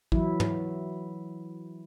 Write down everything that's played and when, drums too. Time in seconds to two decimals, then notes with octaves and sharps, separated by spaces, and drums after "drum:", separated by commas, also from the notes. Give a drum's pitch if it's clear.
0.12 E3 F#3 E4, drum: kick
0.40 drum: tom